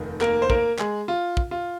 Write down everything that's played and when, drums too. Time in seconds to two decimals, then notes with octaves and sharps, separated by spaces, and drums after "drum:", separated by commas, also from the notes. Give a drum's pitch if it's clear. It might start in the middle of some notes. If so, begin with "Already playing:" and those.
Already playing: F1 D#2 D#3
0.21 A#3 A#4, drum: clap
0.42 C5
0.50 A#3 A#4, drum: kick
0.79 G#3 G#4, drum: clap
1.08 F4
1.37 drum: kick
1.51 F4